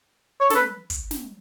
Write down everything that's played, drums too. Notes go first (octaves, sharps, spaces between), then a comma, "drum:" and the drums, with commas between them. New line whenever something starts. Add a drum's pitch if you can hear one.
C#5
A4, drum: snare
B4
drum: kick, hi-hat
drum: snare